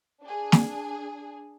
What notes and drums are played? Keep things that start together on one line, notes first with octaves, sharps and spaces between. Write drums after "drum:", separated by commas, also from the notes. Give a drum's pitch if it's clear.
D4 G#4
drum: snare